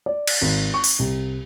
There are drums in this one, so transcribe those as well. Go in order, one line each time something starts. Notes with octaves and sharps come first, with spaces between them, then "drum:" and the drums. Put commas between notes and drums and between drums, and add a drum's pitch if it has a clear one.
D5
drum: cymbal
G#1
C#6
drum: open hi-hat
C2